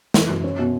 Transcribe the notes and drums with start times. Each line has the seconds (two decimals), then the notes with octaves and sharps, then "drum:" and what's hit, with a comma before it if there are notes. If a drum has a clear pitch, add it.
0.14 E3, drum: snare
0.29 F#2
0.44 C#4
0.59 B2